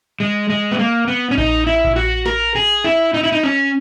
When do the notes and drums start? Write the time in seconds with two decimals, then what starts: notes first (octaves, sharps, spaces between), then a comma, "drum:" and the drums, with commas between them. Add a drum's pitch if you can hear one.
0.20 G#3
0.50 G#3
0.71 B3
0.79 A#3
1.08 B3
1.31 C#4
1.38 D#4, drum: kick A#1
1.67 E4
1.84 drum: kick A#1
1.96 F#4
2.26 A#4, drum: snare
2.55 G#4
2.84 E4
3.14 D#4
3.24 E4
3.32 D#4
3.43 C#4